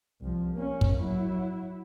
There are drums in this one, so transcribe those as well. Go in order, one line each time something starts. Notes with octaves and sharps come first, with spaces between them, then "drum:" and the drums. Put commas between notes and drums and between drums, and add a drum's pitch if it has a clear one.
C2 F3
A#3 C#4
drum: kick
F#3 E4